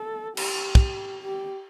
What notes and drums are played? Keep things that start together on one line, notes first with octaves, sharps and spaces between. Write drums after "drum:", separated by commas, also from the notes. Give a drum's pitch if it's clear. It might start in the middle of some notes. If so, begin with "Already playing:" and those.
Already playing: A4
G4, drum: cymbal
drum: kick
G4